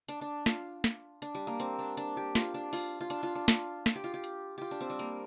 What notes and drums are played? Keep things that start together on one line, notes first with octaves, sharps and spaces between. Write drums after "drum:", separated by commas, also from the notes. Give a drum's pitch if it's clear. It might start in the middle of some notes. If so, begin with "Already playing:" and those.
D4, drum: hi-hat
D4
F4, drum: snare
drum: snare
D4, drum: hi-hat
G3
A#3
C4, drum: hi-hat
D4
D4, drum: hi-hat
G4
F4, drum: snare
D4
F4, drum: open hi-hat
F4
D4, drum: hi-hat
F4
D4
F4, drum: snare
drum: snare
G4
F4
G4
drum: hi-hat
F4 G4
D4
C4
G3
A#3, drum: hi-hat